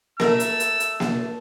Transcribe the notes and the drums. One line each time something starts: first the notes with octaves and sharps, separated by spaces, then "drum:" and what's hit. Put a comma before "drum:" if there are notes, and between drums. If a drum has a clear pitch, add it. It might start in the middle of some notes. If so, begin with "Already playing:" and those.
A3 A#4 E6, drum: snare A#3
drum: hi-hat
drum: hi-hat
drum: hi-hat
drum: snare A#3